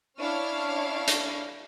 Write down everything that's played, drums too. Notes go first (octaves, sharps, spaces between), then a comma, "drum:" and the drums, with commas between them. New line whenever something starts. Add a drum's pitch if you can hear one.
C#4 D4 E4 C#5 F5 F6
drum: hi-hat